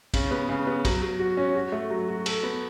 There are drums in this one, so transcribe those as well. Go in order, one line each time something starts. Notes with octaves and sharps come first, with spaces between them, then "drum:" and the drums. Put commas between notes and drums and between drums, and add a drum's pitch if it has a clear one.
C#3, drum: kick, cymbal
B3
C#3
B3
F#3, drum: kick, cymbal
F#3
F#4
C#4
F#4
A3
F#3
F#4
A4, drum: cymbal
B3